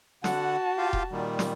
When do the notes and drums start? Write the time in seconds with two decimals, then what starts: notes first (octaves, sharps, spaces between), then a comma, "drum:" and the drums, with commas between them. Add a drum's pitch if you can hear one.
0.24 D3 F#4 F#5 A5, drum: snare
0.78 F4 G4 F5
0.93 drum: kick E1
1.12 A#2 D#3 G3
1.39 drum: snare